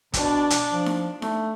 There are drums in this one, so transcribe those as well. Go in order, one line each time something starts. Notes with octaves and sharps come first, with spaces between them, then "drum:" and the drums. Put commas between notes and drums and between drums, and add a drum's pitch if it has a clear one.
B2 D4, drum: kick, hi-hat
drum: hi-hat
F3
drum: snare D#4
A3, drum: snare D#4